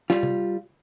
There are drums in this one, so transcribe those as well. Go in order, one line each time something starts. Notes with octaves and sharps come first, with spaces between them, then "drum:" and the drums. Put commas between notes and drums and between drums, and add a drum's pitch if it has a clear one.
G3 F4, drum: snare
drum: tom C3